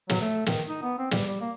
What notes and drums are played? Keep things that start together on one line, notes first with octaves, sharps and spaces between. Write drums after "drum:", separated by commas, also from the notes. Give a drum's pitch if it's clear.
F#3, drum: snare
A3
D#3, drum: snare
D#4
B3
C4
G3, drum: snare
G3
A#3